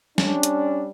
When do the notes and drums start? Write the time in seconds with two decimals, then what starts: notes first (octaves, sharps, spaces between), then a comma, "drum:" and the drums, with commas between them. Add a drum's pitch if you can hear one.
0.18 G3 C#4 D4, drum: snare
0.43 drum: hi-hat